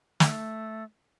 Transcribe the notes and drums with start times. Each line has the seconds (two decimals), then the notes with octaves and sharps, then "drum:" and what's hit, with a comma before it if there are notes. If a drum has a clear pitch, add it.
0.20 A3, drum: snare